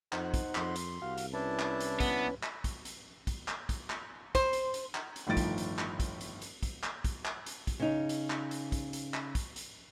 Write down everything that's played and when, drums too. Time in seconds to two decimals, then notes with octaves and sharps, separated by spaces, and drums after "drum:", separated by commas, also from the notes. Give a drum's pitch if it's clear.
0.13 F2 D#4 C5 F#5, drum: clap
0.34 drum: kick, hi-hat
0.55 F2 C6, drum: clap
0.76 drum: hi-hat
1.02 C2 F#4 F5
1.18 drum: hi-hat
1.33 C#4 D4 E4 B4 A5
1.59 drum: clap
1.80 drum: hi-hat
2.00 B3, drum: kick, hi-hat
2.43 drum: clap
2.64 drum: kick, hi-hat
2.85 drum: hi-hat
3.27 drum: kick, hi-hat
3.48 drum: clap
3.69 drum: kick, hi-hat
3.90 drum: clap
4.35 C5, drum: kick, hi-hat
4.53 drum: hi-hat
4.74 drum: hi-hat
4.95 drum: clap
5.16 drum: hi-hat
5.27 G1 A2 D#3 F3 A6 D7
5.37 drum: kick, hi-hat
5.58 drum: hi-hat
5.79 drum: clap
6.00 drum: kick, hi-hat
6.21 drum: hi-hat
6.42 drum: hi-hat
6.63 drum: kick, hi-hat
6.84 drum: clap
7.04 drum: kick, hi-hat
7.25 drum: clap
7.46 drum: hi-hat
7.67 drum: kick, hi-hat
7.80 C#3 D#4
8.09 drum: hi-hat
8.30 drum: clap
8.51 drum: hi-hat
8.72 drum: kick, hi-hat
8.93 drum: hi-hat
9.14 drum: clap
9.35 drum: kick, hi-hat
9.56 drum: hi-hat